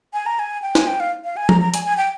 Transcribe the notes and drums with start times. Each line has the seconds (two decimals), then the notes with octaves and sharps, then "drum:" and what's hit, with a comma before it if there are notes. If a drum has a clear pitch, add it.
0.14 G#5
0.26 A#5
0.39 G#5
0.62 G5
0.75 G#5, drum: snare
0.87 G5
1.00 F5
1.24 F5
1.37 G#5
1.49 A#5, drum: tom F3
1.61 A#5
1.74 G#5, drum: hi-hat
1.85 G#5
1.97 G5